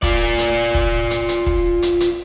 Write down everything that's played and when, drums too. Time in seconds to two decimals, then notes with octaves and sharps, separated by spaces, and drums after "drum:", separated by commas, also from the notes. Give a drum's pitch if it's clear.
0.03 F4 D5, drum: kick
0.39 drum: hi-hat
0.75 drum: kick
1.10 drum: hi-hat
1.28 drum: hi-hat
1.46 drum: kick
1.82 drum: hi-hat
2.00 drum: hi-hat